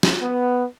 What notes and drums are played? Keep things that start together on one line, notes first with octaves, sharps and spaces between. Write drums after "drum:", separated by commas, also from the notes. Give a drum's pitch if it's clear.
drum: snare
B3